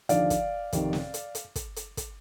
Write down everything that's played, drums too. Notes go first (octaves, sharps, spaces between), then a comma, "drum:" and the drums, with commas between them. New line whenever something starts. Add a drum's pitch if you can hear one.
D#2 D3 F3 D5 F5, drum: hi-hat
drum: kick, hi-hat
F2 C3 D#3, drum: kick, hi-hat
drum: snare
drum: hi-hat
drum: hi-hat
drum: kick, hi-hat
drum: hi-hat
drum: kick, hi-hat